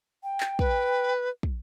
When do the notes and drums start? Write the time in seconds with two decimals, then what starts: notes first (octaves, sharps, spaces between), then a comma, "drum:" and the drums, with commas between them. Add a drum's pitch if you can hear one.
0.23 G5
0.40 drum: clap
0.59 B4, drum: kick
1.43 drum: kick